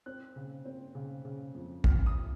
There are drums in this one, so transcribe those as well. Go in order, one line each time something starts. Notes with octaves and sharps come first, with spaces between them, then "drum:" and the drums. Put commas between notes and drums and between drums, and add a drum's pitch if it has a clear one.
C4 F#6
C#3
C4
C#3
C#3
F2
F2 F6, drum: kick
D#6